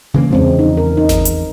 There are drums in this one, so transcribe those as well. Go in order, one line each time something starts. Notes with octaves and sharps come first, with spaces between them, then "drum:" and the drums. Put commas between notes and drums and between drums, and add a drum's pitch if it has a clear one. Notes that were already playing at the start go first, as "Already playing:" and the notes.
C#3 E3 A#3
E2 C#3 F3 G#3 C4
D#4
A#4
D#4
drum: snare G#1
drum: hi-hat